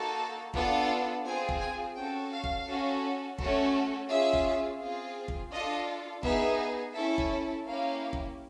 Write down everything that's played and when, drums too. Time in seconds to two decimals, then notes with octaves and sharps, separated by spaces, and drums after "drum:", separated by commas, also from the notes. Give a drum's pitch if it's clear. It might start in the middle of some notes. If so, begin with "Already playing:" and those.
Already playing: A#3 D#4 F#4 A4 A5
0.54 B3 D4 F4 A4, drum: kick
1.25 C4 F4 G#4 G#5
1.49 drum: kick
1.61 G#5
1.96 C#4 F#4 A4 G5
2.31 F5
2.44 drum: kick
2.67 C#4 F#4 A4
3.38 A3 C#4 F#4 A4, drum: kick
4.09 C#4 F4 G#4 E5
4.33 drum: kick
4.81 C4 F4 G#4
5.28 drum: kick
5.52 D4 F4 A4 D#5
6.23 B3 D#4 G#4 E5, drum: kick
6.94 C#4 E4 A4 E5
7.18 drum: kick
7.66 A#3 C#4 E4 G4 F5
8.13 drum: kick